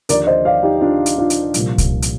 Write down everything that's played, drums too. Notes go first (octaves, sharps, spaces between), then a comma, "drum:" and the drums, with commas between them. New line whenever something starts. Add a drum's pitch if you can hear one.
D#2 D3 F3 A#4 D5, drum: hi-hat
C5 D#5
D5 F5
D#4 G4
D4 F4
drum: hi-hat
D4 F4
drum: hi-hat
C2 A#2 F3, drum: hi-hat
drum: kick C2, hi-hat
drum: hi-hat